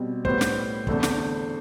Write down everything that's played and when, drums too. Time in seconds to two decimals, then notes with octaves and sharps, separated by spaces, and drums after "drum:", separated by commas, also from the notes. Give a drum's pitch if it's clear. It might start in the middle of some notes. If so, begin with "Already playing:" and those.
Already playing: B2 G3 C4
0.25 A2 G3 B3 C5, drum: kick
0.41 drum: snare
0.87 E2 D3 A3 C4, drum: kick
1.03 drum: snare